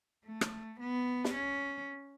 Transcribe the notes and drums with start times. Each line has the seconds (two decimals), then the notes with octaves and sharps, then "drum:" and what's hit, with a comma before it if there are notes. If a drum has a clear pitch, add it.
0.25 A3
0.41 drum: rim click
0.80 B3
1.24 drum: snare
1.34 C#4